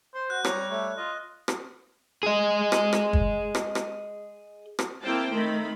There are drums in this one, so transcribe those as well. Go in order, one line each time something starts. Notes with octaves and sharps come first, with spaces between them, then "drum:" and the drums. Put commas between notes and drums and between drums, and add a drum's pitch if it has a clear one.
C5 C6
F#4 F#6
G3 C#5 A#5, drum: rim click
A3 C#5
F4 D#5
drum: rim click
G#4 D#5
drum: rim click
drum: rim click
drum: kick
drum: rim click
drum: rim click
drum: rim click
A#3 C4 E4 C5 G5 A5
D#3 A3 C4 B5